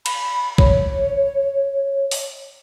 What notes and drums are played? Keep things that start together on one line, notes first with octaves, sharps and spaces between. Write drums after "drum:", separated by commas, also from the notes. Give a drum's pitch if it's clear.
B5, drum: cymbal
C#5, drum: kick
drum: open hi-hat